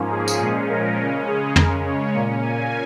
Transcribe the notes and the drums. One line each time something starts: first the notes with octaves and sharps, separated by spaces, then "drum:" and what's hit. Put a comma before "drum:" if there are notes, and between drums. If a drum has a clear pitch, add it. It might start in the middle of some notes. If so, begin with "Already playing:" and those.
Already playing: G#2 F3 A#3 C#4
G#4
drum: tambourine
A#2 F3 G#3 C#4 G#4
A#4
C#3 G#3 C#4
G#4
C#3 G#3 C#4 A#4, drum: tom
C#5
A#2 A#3 C#4
G#5